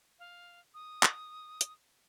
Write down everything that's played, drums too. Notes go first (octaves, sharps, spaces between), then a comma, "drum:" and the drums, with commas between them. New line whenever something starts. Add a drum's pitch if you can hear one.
F5
D#6
drum: clap
drum: hi-hat